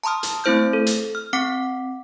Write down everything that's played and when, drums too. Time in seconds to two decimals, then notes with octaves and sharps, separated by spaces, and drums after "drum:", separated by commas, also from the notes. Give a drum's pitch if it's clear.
0.04 A5 A#5 C6 D#6 F6
0.23 drum: hi-hat
0.44 A3 C4 E4 C5 F6 G6
0.73 A4
0.87 drum: hi-hat
1.15 F6
1.33 C4 F#5 D6 B6 C7